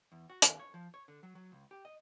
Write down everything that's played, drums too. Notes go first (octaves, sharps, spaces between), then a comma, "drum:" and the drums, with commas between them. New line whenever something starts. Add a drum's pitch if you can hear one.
E2
F#4
D#2, drum: hi-hat
C#5
F3
C#5
D3
F#3
F#3
C#2
G4
D#5